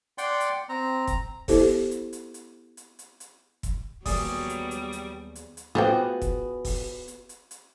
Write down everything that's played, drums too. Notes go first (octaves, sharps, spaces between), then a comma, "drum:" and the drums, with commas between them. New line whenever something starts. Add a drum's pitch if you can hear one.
D5 F#5 G5 C6, drum: hi-hat
drum: hi-hat
C4 A#5
A#5, drum: kick, hi-hat
B3 E4 G4 A4 C5, drum: kick, open hi-hat
drum: hi-hat
drum: hi-hat
drum: hi-hat
drum: hi-hat
drum: hi-hat
drum: hi-hat
drum: kick, hi-hat
D#2 F#3 G3 B3 G#4 D5 D#6, drum: kick, open hi-hat
drum: hi-hat
drum: hi-hat
drum: hi-hat
drum: hi-hat
drum: hi-hat
B3 F4 F#4 G#4 C5 G5
drum: kick, hi-hat
drum: kick, open hi-hat
drum: hi-hat
drum: hi-hat
drum: hi-hat